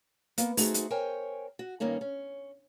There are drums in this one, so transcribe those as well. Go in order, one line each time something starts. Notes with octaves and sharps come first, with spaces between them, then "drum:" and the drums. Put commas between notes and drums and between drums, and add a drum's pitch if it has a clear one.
A#3 B3, drum: hi-hat
A3 D#4 F#4 G#4 C5, drum: open hi-hat
drum: hi-hat
A#4 C5 C#5 G5 G#5
F#4
G2 D#3 A#3 C#4 D#4
C#4